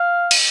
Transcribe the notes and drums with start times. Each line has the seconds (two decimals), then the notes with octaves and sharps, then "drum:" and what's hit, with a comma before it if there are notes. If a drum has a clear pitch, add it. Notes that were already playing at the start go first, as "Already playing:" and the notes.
Already playing: F5
0.31 drum: cymbal